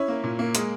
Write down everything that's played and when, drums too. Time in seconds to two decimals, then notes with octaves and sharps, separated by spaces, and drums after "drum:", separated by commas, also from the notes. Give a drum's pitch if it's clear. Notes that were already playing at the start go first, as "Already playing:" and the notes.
Already playing: C#4 E4 C#5
0.08 A#3
0.24 A#2
0.39 A#3
0.55 G#3, drum: hi-hat